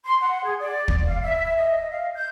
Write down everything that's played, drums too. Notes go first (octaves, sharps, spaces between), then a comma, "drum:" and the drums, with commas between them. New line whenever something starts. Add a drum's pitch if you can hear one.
C6
F#5
G#4
D5
drum: kick
F5
E5
D#5
F5
G6